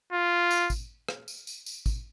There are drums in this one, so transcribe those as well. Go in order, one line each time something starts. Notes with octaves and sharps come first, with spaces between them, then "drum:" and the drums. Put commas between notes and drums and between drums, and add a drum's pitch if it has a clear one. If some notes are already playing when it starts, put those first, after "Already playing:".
F4
drum: tambourine
drum: kick G#1, tambourine
drum: rim click
drum: tambourine
drum: tambourine
drum: tambourine
drum: kick G#1, tambourine